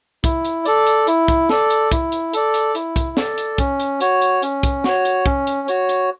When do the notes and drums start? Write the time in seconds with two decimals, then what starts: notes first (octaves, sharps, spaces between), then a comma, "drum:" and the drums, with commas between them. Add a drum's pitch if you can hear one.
0.24 E4, drum: kick, hi-hat
0.45 drum: hi-hat
0.65 A4 D5, drum: hi-hat
0.86 drum: hi-hat
1.07 E4, drum: hi-hat
1.28 drum: kick, hi-hat
1.49 A4 D5, drum: snare
1.70 drum: hi-hat
1.92 E4, drum: kick, hi-hat
2.12 drum: hi-hat
2.34 A4 D5, drum: hi-hat
2.54 drum: hi-hat
2.75 E4, drum: hi-hat
2.96 drum: kick, hi-hat
3.17 A4 D5, drum: snare
3.38 drum: hi-hat
3.58 C#4, drum: kick, hi-hat
3.80 drum: hi-hat
4.01 F#4 C#5, drum: hi-hat
4.21 drum: hi-hat
4.42 C#4, drum: hi-hat
4.63 drum: kick, hi-hat
4.84 F#4 C#5, drum: snare
5.05 drum: hi-hat
5.26 C#4, drum: kick
5.47 drum: hi-hat
5.68 F#4 C#5, drum: hi-hat
5.89 drum: hi-hat